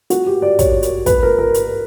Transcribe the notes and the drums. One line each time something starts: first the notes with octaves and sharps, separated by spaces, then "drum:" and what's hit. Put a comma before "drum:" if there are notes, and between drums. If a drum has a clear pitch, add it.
F#4, drum: hi-hat
G4
D5
C#5, drum: kick, hi-hat
drum: hi-hat
B4, drum: kick, hi-hat
A#4
A#4
drum: hi-hat